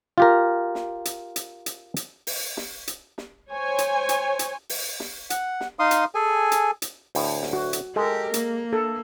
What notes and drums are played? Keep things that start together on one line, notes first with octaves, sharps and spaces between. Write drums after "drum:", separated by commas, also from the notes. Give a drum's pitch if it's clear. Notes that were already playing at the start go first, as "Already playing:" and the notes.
F4 G4 A#4
drum: snare
drum: hi-hat
drum: hi-hat
drum: hi-hat
drum: hi-hat
drum: open hi-hat
drum: snare
drum: hi-hat
drum: snare
C5 C#5 G#5
drum: hi-hat
drum: hi-hat
drum: hi-hat
drum: open hi-hat
drum: snare
F#5, drum: hi-hat
drum: snare
D#4 F5 C6 D#6
drum: hi-hat
G#4 A4 G#5
drum: hi-hat
drum: hi-hat
D2 A2, drum: open hi-hat
drum: snare
F#4
drum: hi-hat
G#3 G4 A4 A#4
A#3, drum: hi-hat
A4